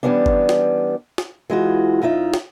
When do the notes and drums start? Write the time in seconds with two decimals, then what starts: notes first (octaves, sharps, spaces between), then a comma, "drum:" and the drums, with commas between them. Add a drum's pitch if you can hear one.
0.03 E3 G3 A3 B3 C#4 D4
0.26 drum: kick G1
0.49 drum: snare
1.18 drum: snare
1.50 E3 G#3 F4 F#4
2.02 F#2 D#4 F4 E5
2.34 drum: snare